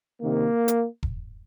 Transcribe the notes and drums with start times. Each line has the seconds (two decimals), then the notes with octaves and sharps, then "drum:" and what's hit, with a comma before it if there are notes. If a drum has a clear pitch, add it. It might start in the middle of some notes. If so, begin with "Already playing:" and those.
0.21 C3 D#3 A#3
0.68 drum: hi-hat
1.03 drum: kick E1